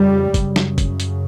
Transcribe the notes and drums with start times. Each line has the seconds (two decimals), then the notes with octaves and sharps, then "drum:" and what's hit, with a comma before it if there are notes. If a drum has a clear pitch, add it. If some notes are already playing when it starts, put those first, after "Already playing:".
Already playing: F2 C#3 G3
0.34 F#2 C#3, drum: kick, hi-hat
0.56 drum: snare
0.78 drum: kick, hi-hat
1.00 drum: hi-hat